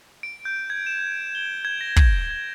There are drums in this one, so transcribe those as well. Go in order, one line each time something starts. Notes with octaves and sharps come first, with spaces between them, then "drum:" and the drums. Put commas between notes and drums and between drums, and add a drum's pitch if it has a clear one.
D7
G6
G#6
E7
G7
G#6
A#6
drum: kick
G#6